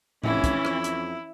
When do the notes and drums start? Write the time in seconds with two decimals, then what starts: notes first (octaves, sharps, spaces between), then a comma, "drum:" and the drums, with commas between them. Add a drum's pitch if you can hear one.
0.24 F1 E3 C#4 E4, drum: tom A2
0.44 drum: kick, hi-hat
0.65 F2, drum: rim click
0.84 drum: hi-hat